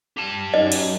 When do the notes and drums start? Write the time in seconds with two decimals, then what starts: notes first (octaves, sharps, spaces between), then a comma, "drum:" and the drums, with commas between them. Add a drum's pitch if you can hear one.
0.17 G4 A5
0.54 F#2 D#4 D#5
0.72 drum: cymbal